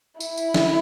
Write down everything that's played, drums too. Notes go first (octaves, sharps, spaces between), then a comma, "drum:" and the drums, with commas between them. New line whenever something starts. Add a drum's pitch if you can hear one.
E4, drum: tambourine
drum: tambourine
drum: snare